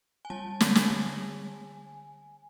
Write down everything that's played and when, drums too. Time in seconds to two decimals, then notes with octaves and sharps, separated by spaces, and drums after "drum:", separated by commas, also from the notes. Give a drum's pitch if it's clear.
0.25 G#5
0.30 G3 A5
0.61 D3, drum: snare
0.75 G#5, drum: snare
0.90 D3